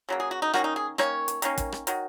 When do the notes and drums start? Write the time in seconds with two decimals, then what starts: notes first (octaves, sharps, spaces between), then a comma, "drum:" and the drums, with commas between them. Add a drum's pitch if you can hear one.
0.09 C#3 F#3 A#3
0.20 G#4
0.31 F#4
0.42 D#4
0.53 D#3 A#3 C#4 F#4, drum: rim click
0.64 D#4
0.76 G#4
0.98 D#3 A#3 C#4 C#5, drum: rim click
1.28 drum: hi-hat
1.42 D#3 A#3 C#4, drum: hi-hat
1.58 drum: kick, hi-hat
1.72 drum: rim click
1.87 D#3 F#3, drum: hi-hat